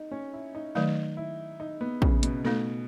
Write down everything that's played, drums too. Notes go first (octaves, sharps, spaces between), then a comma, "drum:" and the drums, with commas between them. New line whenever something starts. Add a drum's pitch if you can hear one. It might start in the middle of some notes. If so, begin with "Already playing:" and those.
Already playing: D#4
C#4
E4
D#4
D#3 F#3 A3 D#4
E4
D#4
B3
C#3, drum: kick
B2, drum: hi-hat
B2 A3 D#4 A4